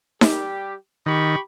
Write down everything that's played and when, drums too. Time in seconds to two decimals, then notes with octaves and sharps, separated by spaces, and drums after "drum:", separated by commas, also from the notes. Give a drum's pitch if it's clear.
0.21 G3 G4, drum: snare D#4
1.06 D#3 G4 B5 C#6